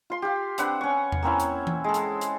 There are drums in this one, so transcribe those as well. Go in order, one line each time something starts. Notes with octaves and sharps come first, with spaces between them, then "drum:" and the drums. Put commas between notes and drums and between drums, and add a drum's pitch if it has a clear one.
F4 C6
F4 G4
C4 D4 B4 F#5, drum: hi-hat
C#4 C#6
drum: tom E2
A#3 C4 C#4 E4
drum: hi-hat
drum: tom E3
G#3 A4
drum: hi-hat
drum: hi-hat